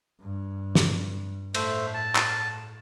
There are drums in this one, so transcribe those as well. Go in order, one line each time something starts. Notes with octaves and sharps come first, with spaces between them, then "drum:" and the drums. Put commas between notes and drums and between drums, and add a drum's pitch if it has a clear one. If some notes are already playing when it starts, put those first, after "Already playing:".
G2
drum: snare
A2 A3 C5 E5, drum: cymbal
A5
drum: clap